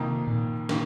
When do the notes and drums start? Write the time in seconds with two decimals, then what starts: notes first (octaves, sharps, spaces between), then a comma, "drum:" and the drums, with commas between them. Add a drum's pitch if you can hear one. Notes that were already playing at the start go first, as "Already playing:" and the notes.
Already playing: F2 C3 D#3 A#3 D#4
0.27 A#2
0.69 D#3 A#3, drum: snare